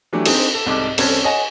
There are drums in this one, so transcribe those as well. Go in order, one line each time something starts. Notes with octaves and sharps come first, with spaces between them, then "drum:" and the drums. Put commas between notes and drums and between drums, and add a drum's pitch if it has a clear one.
E3 F#3 A3 D4 E4 G4
C4 D4 D#4 G#4, drum: cymbal
A4
C2 G#2 A4 D6
C2 C#4 A4 C5 G#6, drum: cymbal
C#5 D#5 F#5 G#5